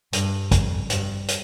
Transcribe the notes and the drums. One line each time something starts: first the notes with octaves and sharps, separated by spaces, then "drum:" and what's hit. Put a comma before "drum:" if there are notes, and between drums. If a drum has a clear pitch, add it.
G2, drum: hi-hat
F2, drum: kick, hi-hat
G2, drum: hi-hat
drum: hi-hat